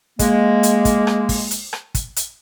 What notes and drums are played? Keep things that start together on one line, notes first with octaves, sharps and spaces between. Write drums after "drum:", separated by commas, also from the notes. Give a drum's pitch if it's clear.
G#3 A#3, drum: kick, hi-hat
drum: hi-hat
drum: kick, hi-hat
drum: rim click
drum: kick, open hi-hat
drum: hi-hat
drum: rim click
drum: kick, hi-hat
drum: hi-hat